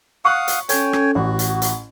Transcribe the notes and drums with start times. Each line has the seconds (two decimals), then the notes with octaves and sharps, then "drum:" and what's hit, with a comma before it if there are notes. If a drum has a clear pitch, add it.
0.25 F5 F#5 C#6 D#6 F#6
0.48 drum: hi-hat
0.69 C#4 A4 C#5 G5 G#5, drum: hi-hat
0.93 drum: rim click
1.15 A1 F#4 F#5
1.39 drum: hi-hat
1.62 drum: hi-hat